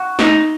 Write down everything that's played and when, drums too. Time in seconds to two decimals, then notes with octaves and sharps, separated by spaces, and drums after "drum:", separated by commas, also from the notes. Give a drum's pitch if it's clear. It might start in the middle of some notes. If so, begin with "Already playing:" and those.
Already playing: F#4
0.19 D#4, drum: snare